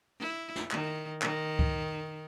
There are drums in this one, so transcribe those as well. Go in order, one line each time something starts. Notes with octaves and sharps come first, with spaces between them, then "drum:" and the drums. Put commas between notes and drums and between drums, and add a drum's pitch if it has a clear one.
E4
drum: snare
D#3, drum: clap
D#3, drum: clap
drum: kick C#2